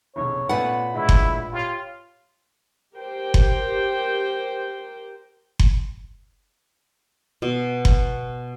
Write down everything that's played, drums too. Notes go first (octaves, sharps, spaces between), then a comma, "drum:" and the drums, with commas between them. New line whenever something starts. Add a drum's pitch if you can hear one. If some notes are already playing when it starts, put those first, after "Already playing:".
F1 B1 C#3 C#5
A#2 A3 B3 C#4 B4 F#5 B5
A2 D3 G#3 E4
drum: kick F#1
F4 G4 C#5
G4 A#4 C5 G5
drum: kick F#1
drum: kick F#1
B2
drum: kick F#1